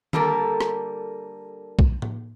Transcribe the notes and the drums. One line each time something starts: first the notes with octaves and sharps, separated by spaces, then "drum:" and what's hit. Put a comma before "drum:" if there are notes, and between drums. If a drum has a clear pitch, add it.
D3 G3 A#3 A4 A#4, drum: tom D#3
drum: rim click
drum: kick B1
drum: tom A2